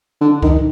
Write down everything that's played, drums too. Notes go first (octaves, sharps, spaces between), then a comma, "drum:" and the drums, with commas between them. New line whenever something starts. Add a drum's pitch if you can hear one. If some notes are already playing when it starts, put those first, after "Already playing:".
D3
D#3, drum: kick C#2